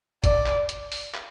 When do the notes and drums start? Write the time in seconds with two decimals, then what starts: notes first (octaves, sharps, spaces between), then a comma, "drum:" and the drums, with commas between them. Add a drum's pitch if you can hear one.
0.24 D5, drum: kick, hi-hat
0.46 drum: clap
0.69 drum: hi-hat
0.92 drum: open hi-hat
1.14 drum: clap